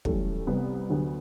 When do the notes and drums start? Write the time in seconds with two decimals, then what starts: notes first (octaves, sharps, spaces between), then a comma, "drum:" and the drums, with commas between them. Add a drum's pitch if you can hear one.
0.05 F#2 E3 G3 A3, drum: kick
0.47 C2 C3 G3 B3
0.90 D2 D3 F#3